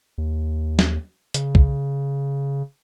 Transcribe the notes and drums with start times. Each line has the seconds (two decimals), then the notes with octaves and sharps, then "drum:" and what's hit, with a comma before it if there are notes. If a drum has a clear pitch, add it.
0.18 D#2
0.79 drum: snare
1.34 C#3, drum: hi-hat
1.55 drum: kick